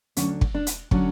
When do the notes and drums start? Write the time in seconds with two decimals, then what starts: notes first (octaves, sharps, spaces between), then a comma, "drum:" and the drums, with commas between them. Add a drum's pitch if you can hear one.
0.16 D2 D3 F#3 C#4, drum: hi-hat
0.41 drum: kick
0.55 D4
0.67 drum: hi-hat
0.91 D3 F#3 C#4, drum: kick